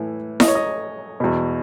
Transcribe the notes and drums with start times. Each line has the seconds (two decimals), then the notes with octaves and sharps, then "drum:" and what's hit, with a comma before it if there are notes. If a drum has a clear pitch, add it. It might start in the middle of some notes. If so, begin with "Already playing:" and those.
Already playing: A2 E3
0.40 D#5, drum: snare E4
0.48 C#5
0.55 D#5
1.20 E2 B2